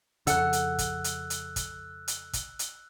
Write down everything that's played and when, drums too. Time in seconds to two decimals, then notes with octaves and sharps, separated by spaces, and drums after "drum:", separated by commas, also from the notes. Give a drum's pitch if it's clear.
0.27 F2 C#3 A4 F#5 E6 F#6, drum: hi-hat
0.53 drum: hi-hat
0.79 drum: kick, hi-hat
1.04 drum: hi-hat
1.30 drum: hi-hat
1.56 drum: kick, hi-hat
2.08 drum: hi-hat
2.33 drum: kick, hi-hat
2.59 drum: hi-hat